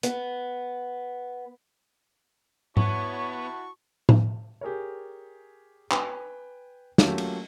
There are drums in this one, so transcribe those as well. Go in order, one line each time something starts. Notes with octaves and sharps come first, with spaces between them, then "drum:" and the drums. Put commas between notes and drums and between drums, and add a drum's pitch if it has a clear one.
B3, drum: hi-hat
B3 E4 F#4 C#5 A5 C#6, drum: tom G#2
drum: tom A2
G4 G#4 A#4 C#5
B4 G5 G#5, drum: clap
F#3 A3 A#3 C#4 F4 G4, drum: snare
drum: cymbal